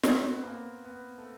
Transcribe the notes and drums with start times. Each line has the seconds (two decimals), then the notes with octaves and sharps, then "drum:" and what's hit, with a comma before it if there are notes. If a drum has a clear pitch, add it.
0.03 drum: snare
0.16 C4
0.30 B3
0.43 A#3
0.84 B3
1.18 A3